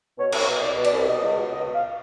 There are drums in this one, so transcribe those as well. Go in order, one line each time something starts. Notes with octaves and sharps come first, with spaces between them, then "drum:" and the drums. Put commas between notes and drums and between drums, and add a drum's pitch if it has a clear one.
B2 C#5
C2, drum: cymbal
C#5
B2
D#5
C2 D5
B2
D5, drum: cymbal
C2
B2 D#5
C#2
B2
C#2 D#5
B2
F5